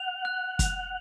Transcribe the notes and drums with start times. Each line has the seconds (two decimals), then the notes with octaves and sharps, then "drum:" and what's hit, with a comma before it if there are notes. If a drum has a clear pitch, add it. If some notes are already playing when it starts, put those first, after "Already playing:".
Already playing: F#5 F7
0.25 F#6
0.59 F7, drum: kick, hi-hat